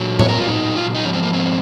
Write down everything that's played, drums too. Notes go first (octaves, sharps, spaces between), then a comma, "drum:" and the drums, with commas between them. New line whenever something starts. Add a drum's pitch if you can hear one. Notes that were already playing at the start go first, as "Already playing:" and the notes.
Already playing: A#2 F#3
C#5, drum: tom A2
A#4
F4
D#4
F4
D#4
G#2 F3 C#4
C4
A#3
C4